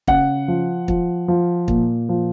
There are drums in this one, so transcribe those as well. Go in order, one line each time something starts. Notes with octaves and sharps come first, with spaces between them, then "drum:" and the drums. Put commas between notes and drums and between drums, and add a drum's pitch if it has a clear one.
C#3 F#5, drum: kick
F3
F3, drum: kick
F3
A#2, drum: kick
F3